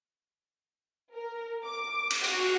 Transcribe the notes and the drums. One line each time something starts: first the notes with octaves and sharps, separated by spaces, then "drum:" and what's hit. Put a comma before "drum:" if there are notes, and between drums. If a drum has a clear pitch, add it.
A#4
D6
drum: cymbal
F#4, drum: tambourine